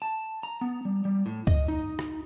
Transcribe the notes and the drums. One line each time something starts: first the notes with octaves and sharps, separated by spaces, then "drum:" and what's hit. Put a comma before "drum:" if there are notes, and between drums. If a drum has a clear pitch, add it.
A5
A#5
B3
G3
G3
A2
D#5, drum: kick C#2
D#4
drum: rim click